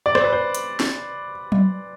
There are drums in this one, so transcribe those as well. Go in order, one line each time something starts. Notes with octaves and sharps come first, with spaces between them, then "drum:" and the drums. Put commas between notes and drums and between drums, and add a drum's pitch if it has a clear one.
D5
C5, drum: rim click
B4
C5
drum: hi-hat
drum: snare
drum: tom F#3